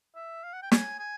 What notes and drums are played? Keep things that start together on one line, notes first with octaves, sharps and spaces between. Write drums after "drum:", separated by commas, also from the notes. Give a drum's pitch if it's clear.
E5
F5
F#5
G5
G#5, drum: snare
G#5